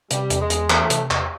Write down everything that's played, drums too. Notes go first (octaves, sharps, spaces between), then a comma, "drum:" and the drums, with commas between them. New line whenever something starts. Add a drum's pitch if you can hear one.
C3 G3, drum: hi-hat
E2, drum: hi-hat
G#3
E2, drum: hi-hat
E3 A3, drum: clap
C3, drum: hi-hat
E2, drum: clap